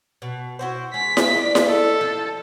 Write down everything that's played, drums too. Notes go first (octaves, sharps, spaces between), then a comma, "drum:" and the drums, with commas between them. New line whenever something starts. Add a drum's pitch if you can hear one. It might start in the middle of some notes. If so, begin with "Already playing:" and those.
B2
E4 F#4 C5
G#3 B6
drum: snare E4
D5 D#5
drum: snare E4
A4
F3